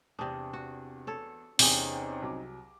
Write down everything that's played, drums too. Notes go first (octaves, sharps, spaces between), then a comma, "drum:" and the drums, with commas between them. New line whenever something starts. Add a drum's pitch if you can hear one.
E2 C3 D4 D#6
F#4
A4 C#5
E2 C3 C4 C#4 D#4 G4 G#4, drum: open hi-hat
C2 F#3 D6